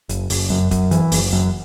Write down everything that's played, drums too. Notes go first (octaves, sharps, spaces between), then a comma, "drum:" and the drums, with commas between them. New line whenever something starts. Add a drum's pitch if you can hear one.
F#1, drum: hi-hat
F#1, drum: open hi-hat
F#2
F#2, drum: kick D#1, hi-hat
E3, drum: hi-hat
F#1, drum: open hi-hat
F#2